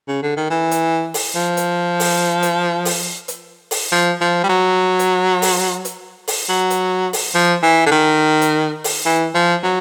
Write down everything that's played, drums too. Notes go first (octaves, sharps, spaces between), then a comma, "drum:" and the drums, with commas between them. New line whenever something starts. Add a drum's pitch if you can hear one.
C#3
D3
D#3
E3
drum: hi-hat
drum: open hi-hat
F3
drum: hi-hat
drum: open hi-hat
drum: hi-hat
drum: open hi-hat
drum: hi-hat
drum: open hi-hat
F3
F3
G3
F#3
drum: hi-hat
drum: open hi-hat
drum: hi-hat
drum: open hi-hat
F#3
drum: hi-hat
drum: open hi-hat
F3
E3
D3
D#3
drum: hi-hat
drum: open hi-hat
E3
F3
F#3